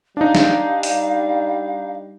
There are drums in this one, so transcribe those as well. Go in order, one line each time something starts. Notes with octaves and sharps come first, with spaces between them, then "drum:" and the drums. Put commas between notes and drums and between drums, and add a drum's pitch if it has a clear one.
G3 D4 D#4 F5
drum: snare
drum: open hi-hat